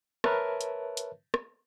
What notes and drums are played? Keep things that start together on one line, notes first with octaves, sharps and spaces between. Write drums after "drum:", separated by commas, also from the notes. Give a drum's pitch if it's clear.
A#4 B4 C#5 E5 A5, drum: rim click
drum: hi-hat
drum: hi-hat
drum: rim click